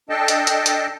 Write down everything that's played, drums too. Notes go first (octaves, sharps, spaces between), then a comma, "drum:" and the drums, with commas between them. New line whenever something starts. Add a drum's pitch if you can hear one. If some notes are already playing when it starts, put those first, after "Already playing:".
D4 A4 D#5 G5 A5
drum: hi-hat
drum: hi-hat
drum: hi-hat